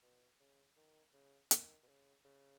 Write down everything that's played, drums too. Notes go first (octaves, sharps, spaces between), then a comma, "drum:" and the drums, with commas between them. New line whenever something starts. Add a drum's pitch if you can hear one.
B2
C#3
D#3
C#3
D#3, drum: hi-hat
B2
C#3
C#3